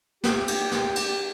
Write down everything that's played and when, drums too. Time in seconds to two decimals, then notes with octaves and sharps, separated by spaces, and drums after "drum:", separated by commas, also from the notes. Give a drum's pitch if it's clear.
0.24 G4, drum: snare
0.48 drum: cymbal
0.72 drum: snare
0.96 drum: cymbal